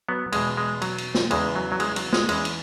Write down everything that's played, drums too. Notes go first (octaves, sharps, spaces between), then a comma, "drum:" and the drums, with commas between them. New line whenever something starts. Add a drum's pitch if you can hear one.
F#3 B3
E2 B2 G#3, drum: cymbal
G#3
F#3, drum: cymbal
drum: cymbal
drum: snare
E2 C#3 E3 G#3, drum: cymbal
F#3
F#3
G#3, drum: cymbal
F#3, drum: cymbal
G#3, drum: snare
E2 E3 G#3 C#4, drum: cymbal
drum: cymbal